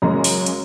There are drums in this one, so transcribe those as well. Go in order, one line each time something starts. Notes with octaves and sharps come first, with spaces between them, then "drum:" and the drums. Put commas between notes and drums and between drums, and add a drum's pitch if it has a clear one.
F#2 C#3 G#3 C#4 A#5
drum: open hi-hat
drum: hi-hat